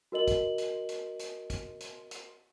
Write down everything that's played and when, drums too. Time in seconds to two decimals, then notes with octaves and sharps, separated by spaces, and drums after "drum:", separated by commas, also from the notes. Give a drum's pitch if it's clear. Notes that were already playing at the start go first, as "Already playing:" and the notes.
0.12 F#4 A#4 D#5 F#7
0.28 drum: kick, hi-hat
0.58 drum: hi-hat
0.89 drum: hi-hat
1.19 drum: hi-hat
1.50 drum: kick, hi-hat
1.80 drum: hi-hat
2.11 drum: hi-hat